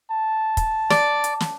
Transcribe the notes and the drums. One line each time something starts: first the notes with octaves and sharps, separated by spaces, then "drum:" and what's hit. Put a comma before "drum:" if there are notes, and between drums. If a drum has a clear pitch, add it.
A5
drum: kick, hi-hat
D5, drum: snare
drum: hi-hat
drum: snare